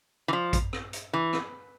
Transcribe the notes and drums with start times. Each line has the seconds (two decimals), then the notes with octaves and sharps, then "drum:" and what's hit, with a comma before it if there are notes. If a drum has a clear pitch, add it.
0.28 E3
0.33 F3
0.53 drum: kick A1, hi-hat
0.73 drum: rim click
0.93 drum: hi-hat
1.13 E3
1.33 drum: rim click